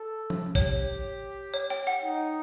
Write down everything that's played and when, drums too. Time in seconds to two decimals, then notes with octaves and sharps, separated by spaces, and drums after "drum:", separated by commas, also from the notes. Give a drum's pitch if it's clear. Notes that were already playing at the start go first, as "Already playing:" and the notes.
Already playing: A4
0.30 drum: tom F3
0.55 G4 C#5, drum: kick G#1
1.54 C#5
1.70 G5
1.87 F#5
2.03 D#4